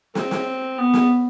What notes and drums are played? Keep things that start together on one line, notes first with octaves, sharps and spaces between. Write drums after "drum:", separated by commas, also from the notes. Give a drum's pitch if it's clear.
C4, drum: snare
drum: snare
B3
drum: snare